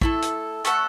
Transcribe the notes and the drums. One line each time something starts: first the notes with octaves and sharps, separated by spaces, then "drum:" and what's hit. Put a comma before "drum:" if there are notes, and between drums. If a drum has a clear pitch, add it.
A3 E4 A4, drum: kick
drum: hi-hat
A3 C#4 A4 F#5, drum: hi-hat